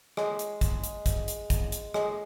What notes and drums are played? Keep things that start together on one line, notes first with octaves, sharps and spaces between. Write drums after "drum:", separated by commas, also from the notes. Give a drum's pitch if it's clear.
G#3, drum: rim click
drum: hi-hat
drum: kick, hi-hat
drum: hi-hat
drum: kick, hi-hat
drum: hi-hat
drum: kick, hi-hat
drum: hi-hat
G#3, drum: rim click